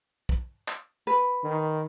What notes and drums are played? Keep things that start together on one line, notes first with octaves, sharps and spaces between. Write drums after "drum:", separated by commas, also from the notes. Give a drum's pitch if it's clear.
drum: kick
drum: clap
B4
D#3